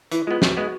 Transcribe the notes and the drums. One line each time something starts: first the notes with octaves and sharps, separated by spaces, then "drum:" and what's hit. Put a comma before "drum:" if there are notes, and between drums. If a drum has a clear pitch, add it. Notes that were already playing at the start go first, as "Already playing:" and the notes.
E3 E4, drum: hi-hat
G#3 B3 F4
E3 F#4, drum: snare
G#3 B3